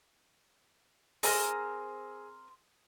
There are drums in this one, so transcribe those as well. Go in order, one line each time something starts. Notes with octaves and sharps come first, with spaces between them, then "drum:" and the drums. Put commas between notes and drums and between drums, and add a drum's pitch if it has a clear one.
C4 G#4 A#4 D#7, drum: open hi-hat